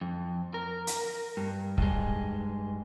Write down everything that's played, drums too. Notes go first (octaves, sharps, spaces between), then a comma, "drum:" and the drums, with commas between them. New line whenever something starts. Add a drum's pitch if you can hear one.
F2
A#4
drum: hi-hat
G2
G2 G#3, drum: kick C#1